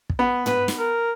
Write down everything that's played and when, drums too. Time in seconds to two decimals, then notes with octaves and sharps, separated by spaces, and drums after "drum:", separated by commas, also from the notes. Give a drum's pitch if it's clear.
0.10 drum: kick
0.19 B3
0.46 B4, drum: tom
0.68 drum: snare
0.79 A#4